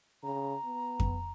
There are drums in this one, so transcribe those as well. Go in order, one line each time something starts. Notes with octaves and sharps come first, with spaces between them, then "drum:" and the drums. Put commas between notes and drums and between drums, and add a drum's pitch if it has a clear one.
C#3 A#5
B3
drum: kick F2